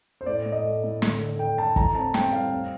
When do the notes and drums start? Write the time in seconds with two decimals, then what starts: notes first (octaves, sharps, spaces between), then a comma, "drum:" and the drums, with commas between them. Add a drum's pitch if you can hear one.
0.21 C5
0.26 A2 D5
0.46 A2
0.52 D#5
0.65 A3
0.84 A2
1.02 D3, drum: snare
1.20 D3
1.39 D3 G5
1.58 D3 A5
1.76 A2 A#5, drum: kick G1
1.95 C4 A5
2.14 C4 G5, drum: snare
2.32 G3 F5
2.51 C4